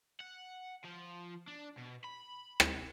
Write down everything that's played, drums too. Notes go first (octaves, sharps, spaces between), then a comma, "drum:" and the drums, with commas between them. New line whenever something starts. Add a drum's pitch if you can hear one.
F#5
F3
D4
B2
B5
drum: rim click